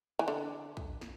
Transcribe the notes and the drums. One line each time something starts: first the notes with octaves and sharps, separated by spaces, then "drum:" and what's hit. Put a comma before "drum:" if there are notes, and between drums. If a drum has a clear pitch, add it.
E3
D3
drum: kick
drum: snare